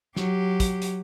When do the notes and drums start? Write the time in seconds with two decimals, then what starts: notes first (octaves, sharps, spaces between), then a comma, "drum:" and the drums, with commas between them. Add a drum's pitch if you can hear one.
0.16 F#3 G4, drum: snare
0.60 drum: kick, hi-hat
0.82 drum: hi-hat